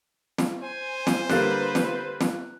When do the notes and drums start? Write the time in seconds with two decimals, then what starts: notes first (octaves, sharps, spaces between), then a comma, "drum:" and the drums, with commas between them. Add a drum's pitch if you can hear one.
0.38 drum: snare
0.63 C5 G#5
1.07 drum: snare
1.29 D3 G3 A#3 B4 F#6, drum: snare
1.75 drum: snare
2.21 drum: snare